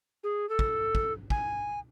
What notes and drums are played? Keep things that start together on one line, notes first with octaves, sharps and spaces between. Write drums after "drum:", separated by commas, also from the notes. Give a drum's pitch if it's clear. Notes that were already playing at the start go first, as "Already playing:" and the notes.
G#4
A4
drum: kick
drum: kick
G#5, drum: kick